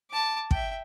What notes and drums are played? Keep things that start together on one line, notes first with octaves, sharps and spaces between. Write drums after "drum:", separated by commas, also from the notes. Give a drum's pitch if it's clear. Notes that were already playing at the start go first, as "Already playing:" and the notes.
A5 D6
E5 G5, drum: kick